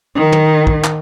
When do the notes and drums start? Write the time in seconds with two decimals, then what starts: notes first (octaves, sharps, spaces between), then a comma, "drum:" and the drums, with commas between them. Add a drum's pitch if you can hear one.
0.15 D#3
0.32 drum: tom
0.67 drum: kick
0.84 drum: clap